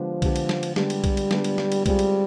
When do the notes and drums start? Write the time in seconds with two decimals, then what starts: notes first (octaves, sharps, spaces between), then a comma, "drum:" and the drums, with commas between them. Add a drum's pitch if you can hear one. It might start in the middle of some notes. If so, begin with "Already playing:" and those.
Already playing: D3 F3 G#3 B3 D4 G4
0.22 D3 G#3 B3 D4 G4, drum: kick B1, cymbal
0.36 drum: cymbal
0.49 drum: snare
0.63 drum: cymbal
0.76 D3 G3 G#3 B3 D4 G4, drum: snare
0.90 drum: cymbal
1.04 drum: kick B1, cymbal
1.17 drum: cymbal
1.31 D3 G#3 B3 D4 G4, drum: snare
1.44 drum: cymbal
1.58 drum: snare
1.72 drum: cymbal
1.86 G3 G#3 C4 F4 G#4, drum: kick B1, cymbal
1.99 drum: cymbal